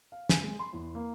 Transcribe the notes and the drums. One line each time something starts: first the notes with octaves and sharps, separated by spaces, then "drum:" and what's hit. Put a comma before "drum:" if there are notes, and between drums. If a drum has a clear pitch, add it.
F5
G#5, drum: snare
G#3
C6
E2
A#3